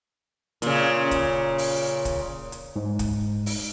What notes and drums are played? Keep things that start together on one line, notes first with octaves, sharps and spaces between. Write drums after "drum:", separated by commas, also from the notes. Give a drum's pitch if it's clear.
A#2 C#3, drum: hi-hat
drum: kick, hi-hat
drum: open hi-hat
drum: kick, hi-hat
drum: hi-hat
G#2
drum: kick, hi-hat
drum: open hi-hat